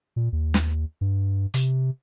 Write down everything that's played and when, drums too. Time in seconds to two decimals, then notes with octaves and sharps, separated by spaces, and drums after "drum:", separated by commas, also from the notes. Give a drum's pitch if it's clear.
0.16 A#2
0.32 D#2
0.54 drum: snare
1.01 G2
1.54 C3, drum: hi-hat